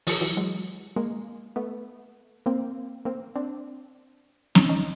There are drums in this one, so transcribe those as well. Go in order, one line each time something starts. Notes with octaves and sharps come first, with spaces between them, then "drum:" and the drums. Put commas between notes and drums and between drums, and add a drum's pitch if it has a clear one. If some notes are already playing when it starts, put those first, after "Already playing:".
D#3 F3, drum: open hi-hat
E3 F#3
F#3 G#3
G#3 A#3
A3 B3
A#3 C4
A#3 C4
C4 D4
C#4 D#4, drum: snare
C#4 D#4